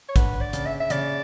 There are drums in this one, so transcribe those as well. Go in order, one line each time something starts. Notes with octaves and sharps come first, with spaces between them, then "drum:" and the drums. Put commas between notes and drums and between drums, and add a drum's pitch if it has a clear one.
C#5
D3 B4, drum: kick, hi-hat
D5
C#3, drum: hi-hat
E5
E5
C#3 D5, drum: hi-hat